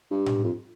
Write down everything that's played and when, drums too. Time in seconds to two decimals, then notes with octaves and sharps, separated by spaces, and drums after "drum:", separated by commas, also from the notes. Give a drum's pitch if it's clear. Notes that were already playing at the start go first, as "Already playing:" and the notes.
0.11 G2
0.26 drum: tom A2
0.44 F2